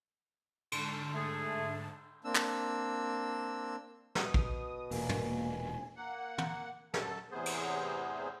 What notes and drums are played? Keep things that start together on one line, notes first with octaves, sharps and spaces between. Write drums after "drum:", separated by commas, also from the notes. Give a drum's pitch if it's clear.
G#2 D3 A5, drum: cymbal
A3 G#4
A#3 C4 D4 E6
drum: clap
B2 D#6, drum: snare
drum: kick A1
E1 A#2 A#3 G#5, drum: open hi-hat
drum: tom
A#3 F#5
drum: tom
F#2 A4 A5, drum: snare
E2 A2 C3 B3 G#4 C5
drum: cymbal